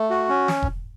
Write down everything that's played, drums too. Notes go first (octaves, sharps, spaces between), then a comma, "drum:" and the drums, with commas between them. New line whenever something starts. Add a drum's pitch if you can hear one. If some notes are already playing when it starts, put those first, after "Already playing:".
Already playing: A3
F#4
C#4
drum: snare
drum: kick E1